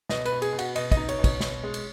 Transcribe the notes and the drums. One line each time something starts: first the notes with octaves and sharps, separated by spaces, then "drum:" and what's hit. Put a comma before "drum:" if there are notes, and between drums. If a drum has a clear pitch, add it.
B2 D#5, drum: snare
B4, drum: cymbal
B2
G#4, drum: cymbal
B2
F#4, drum: cymbal
B2 D#5, drum: cymbal
D#5, drum: kick, cymbal
D#4
C#5, drum: cymbal
B2
C#5, drum: kick, cymbal
B2, drum: snare
G#3
drum: cymbal